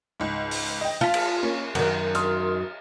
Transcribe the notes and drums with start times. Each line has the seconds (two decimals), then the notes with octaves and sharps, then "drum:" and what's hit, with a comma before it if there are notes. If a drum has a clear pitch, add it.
0.20 C#2 G#2
0.51 drum: open hi-hat
0.81 D#5 G5
1.01 F4 A5 F6 B6
1.14 drum: cymbal
1.43 A#3 C#4
1.75 F#2 D#3 F#5, drum: cymbal
2.15 C6 D#6 F6, drum: hi-hat